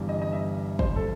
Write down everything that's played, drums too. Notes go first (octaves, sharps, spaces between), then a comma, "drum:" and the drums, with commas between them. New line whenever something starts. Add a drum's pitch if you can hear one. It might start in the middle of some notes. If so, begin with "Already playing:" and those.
Already playing: G1 G2 E3 G3
D#5
D#5
E5
C5, drum: kick
A4